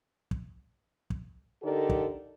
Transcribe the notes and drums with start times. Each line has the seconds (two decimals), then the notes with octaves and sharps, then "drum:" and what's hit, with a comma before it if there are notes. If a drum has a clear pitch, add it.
0.31 drum: kick
1.10 drum: kick
1.63 D3 D#4 G4 A4 A#4 D5
1.90 drum: kick